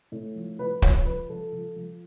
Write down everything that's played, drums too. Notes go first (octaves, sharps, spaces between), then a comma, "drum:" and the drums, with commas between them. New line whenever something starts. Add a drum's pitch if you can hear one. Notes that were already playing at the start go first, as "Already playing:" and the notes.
A2
F3
F3 B4
F3 C#5, drum: kick
F3 B4
F3 A4
F3
F3